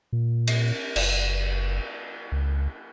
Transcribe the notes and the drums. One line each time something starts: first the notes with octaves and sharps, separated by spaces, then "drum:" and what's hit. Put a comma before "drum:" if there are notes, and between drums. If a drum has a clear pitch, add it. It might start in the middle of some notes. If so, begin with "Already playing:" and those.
A#2
drum: cymbal
F#1, drum: cymbal
C#2